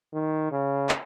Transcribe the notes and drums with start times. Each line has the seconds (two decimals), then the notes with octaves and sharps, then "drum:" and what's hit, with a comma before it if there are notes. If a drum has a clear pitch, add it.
0.14 D#3
0.51 C#3
0.89 drum: clap